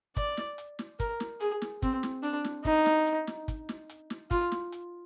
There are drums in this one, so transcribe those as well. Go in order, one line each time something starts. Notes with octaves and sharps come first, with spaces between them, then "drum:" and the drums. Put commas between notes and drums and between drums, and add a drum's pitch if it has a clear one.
D5, drum: kick, hi-hat
drum: snare
drum: hi-hat
drum: snare
A#4, drum: kick, hi-hat
drum: snare
G#4, drum: hi-hat
drum: snare
C4, drum: kick, hi-hat
drum: snare
D4, drum: hi-hat
drum: snare
D#4, drum: kick, hi-hat
drum: snare
drum: hi-hat
drum: snare
drum: kick, hi-hat
drum: snare
drum: hi-hat
drum: snare
F4, drum: kick, hi-hat
drum: snare
drum: hi-hat